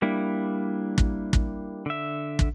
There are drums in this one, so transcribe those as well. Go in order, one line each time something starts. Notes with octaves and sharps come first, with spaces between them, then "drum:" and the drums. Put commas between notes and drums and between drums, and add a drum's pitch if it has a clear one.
G3 A#3 D4 E4
drum: kick
drum: kick
D3 E5
drum: kick